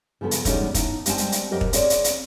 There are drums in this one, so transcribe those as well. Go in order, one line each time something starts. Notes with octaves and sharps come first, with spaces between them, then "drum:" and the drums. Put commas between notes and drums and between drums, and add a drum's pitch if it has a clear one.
C#3 F3 B3 G#4 A4
drum: hi-hat
E2 B2 G3 G#3 C#4 D#4, drum: kick, hi-hat
D#4 E4 A5, drum: kick, hi-hat
G3 G#3 C4 G#5 A5, drum: hi-hat
drum: hi-hat
drum: hi-hat
F2 F#3 G4 A#4 D#5
drum: kick
C4 G#4 C#5 D5, drum: hi-hat
drum: hi-hat
drum: hi-hat